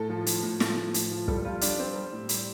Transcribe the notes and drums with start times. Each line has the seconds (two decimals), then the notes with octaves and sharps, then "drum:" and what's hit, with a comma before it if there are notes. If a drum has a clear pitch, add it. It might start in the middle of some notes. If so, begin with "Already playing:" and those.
Already playing: A2 A4
0.10 F3
0.26 F3, drum: hi-hat
0.43 A2
0.60 F3, drum: snare
0.77 F3
0.94 A2, drum: hi-hat
1.11 F3
1.28 G3 A4, drum: kick
1.45 G3 F4
1.61 G3 D4, drum: hi-hat
1.79 G3 C4
1.95 G3
2.13 A2
2.29 G3, drum: hi-hat